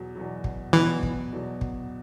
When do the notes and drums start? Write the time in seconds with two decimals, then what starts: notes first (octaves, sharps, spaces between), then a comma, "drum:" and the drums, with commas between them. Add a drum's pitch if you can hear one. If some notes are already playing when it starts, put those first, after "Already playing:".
Already playing: E2 B2 F#3
0.15 E2 B2 F#3
0.44 drum: kick
0.73 E2 B2 E3 F#3
1.03 drum: kick
1.33 E2 B2 F#3
1.61 drum: kick